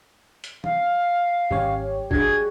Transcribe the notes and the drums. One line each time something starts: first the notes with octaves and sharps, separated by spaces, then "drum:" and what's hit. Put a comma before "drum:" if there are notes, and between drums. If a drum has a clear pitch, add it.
drum: hi-hat
F5, drum: tom
G#1 C#4 G4 C#5
D4 F#4 G#4 G#6, drum: kick